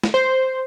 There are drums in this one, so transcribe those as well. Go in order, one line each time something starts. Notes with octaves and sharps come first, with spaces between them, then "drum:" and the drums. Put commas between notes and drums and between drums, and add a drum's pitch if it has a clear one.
drum: snare
C5